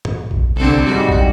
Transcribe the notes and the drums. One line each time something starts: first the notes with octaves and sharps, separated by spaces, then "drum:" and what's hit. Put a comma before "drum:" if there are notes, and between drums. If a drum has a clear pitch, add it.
drum: tom
drum: kick A#1
C2 D3 C4 A4
G#2 G3 F#4
drum: kick A#1